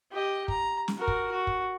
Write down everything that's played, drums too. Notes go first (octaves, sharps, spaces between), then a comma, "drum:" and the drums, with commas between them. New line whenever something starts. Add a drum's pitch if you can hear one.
G4 D#5
A#5, drum: kick
drum: snare
F#4 A#4
drum: kick
F#4
drum: kick